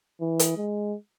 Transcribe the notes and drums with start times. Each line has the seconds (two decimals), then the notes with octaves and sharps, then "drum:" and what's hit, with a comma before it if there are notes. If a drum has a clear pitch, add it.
0.21 E3
0.39 drum: hi-hat
0.57 G#3